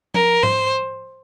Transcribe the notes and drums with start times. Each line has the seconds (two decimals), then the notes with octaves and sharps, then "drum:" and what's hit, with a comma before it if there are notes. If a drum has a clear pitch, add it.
0.14 A#4, drum: tom F3
0.43 C5, drum: tom G#2